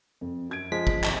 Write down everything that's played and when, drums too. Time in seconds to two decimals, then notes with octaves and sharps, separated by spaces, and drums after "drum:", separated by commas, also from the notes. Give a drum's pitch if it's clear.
0.21 F2
0.49 F#2 G#6 D7
0.72 F3 G#3 B6
0.87 drum: kick
1.04 G#1 A5, drum: clap